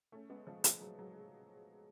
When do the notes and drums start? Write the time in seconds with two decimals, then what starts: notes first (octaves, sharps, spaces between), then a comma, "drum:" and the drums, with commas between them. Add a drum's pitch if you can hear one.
0.12 A3 C#4
0.30 G#3 B3
0.47 F3 G#3
0.64 F3, drum: hi-hat
0.81 F#3
0.99 F#3